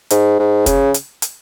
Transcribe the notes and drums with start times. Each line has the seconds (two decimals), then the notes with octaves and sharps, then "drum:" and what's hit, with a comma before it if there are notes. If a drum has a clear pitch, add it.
0.10 G#2, drum: hi-hat
0.39 G#2
0.66 C#3, drum: kick, hi-hat
0.94 drum: hi-hat
1.22 drum: hi-hat